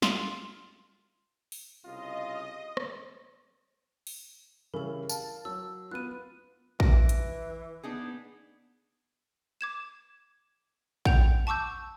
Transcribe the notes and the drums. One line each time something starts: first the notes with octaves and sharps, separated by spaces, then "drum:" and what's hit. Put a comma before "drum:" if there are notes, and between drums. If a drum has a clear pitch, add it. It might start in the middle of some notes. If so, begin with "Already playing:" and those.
F4, drum: snare
drum: open hi-hat
C2 C#3 F4 D#5
drum: rim click
drum: open hi-hat
C#3 E3 G3 A4 A#4
F5 A5, drum: tambourine
F#3 E6
B3 F4 F#6 D#7
E3 A#6 D7, drum: kick
drum: hi-hat
B3 D4 D#4 G#4
D6 G#6 E7
F#5 G5 G6 F7, drum: kick
A5 C#6 D6 E6 G6